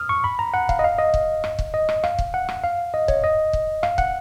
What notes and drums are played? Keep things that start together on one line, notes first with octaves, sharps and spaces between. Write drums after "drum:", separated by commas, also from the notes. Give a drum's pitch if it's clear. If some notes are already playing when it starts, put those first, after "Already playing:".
Already playing: D#6 F6
C#6
B5
A#5
F#5
F5, drum: kick
D#5
F5
D#5
drum: kick
drum: rim click
drum: kick
D#5
drum: rim click
F5, drum: rim click
drum: kick
F#5
drum: rim click
F5
D#5
C#5, drum: kick
D#5
drum: kick
F5, drum: rim click
F#5, drum: kick